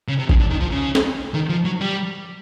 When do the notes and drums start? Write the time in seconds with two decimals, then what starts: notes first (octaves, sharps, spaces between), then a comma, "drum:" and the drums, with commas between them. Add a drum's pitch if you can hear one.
0.08 C#3
0.19 C3
0.29 C#3, drum: kick
0.40 D3
0.51 D#3
0.61 F3
0.71 C#3
0.95 drum: snare
1.34 D#3
1.49 F3
1.65 F#3
1.81 G3